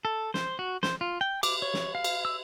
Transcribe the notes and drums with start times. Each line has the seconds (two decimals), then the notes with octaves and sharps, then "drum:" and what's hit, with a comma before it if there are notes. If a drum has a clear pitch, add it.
0.05 A4
0.34 C5, drum: snare
0.59 F#4
0.83 C5, drum: snare
1.01 F4
1.21 G5
1.43 D6, drum: cymbal
1.62 C#5
1.74 drum: snare
1.95 F5
2.04 drum: cymbal
2.25 E6